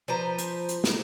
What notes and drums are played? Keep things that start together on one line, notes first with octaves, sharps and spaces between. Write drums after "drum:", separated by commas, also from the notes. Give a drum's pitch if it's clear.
F3 B4 C5 A#5
drum: hi-hat
drum: hi-hat
drum: snare